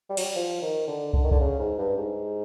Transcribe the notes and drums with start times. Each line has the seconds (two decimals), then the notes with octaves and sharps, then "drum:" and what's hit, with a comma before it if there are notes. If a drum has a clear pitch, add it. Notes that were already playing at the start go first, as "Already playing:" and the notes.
0.09 G3
0.17 F#3, drum: cymbal
0.25 G3
0.36 F3
0.62 D#3
0.87 D3
1.13 D3, drum: kick
1.24 D#3
1.31 D3, drum: kick
1.40 C#3
1.59 G#2
1.78 G2
1.97 G#2